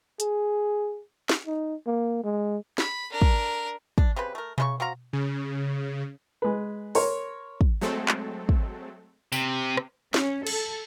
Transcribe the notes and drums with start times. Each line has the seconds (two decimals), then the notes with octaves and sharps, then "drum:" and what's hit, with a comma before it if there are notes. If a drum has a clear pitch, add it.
0.20 G#4, drum: hi-hat
1.29 drum: snare
1.46 D#4
1.86 A#3
2.24 G#3
2.78 B5, drum: snare
3.11 D4 A#4
3.22 drum: kick
3.98 D4, drum: kick
4.16 C#3 C4 G4 B4
4.35 A3 A#4
4.58 C#3 F4 C#6, drum: tom B2
4.80 C4 F#4 F5 A#5
5.13 C#3
6.42 G#3 B4
6.95 A#4 C#5 C6, drum: open hi-hat
7.61 drum: kick
7.81 F#3 G#3 A3 C4 A4
8.09 drum: clap
8.49 drum: kick
9.32 C3, drum: tambourine
9.77 drum: rim click
10.14 C#4, drum: snare
10.47 A4, drum: cymbal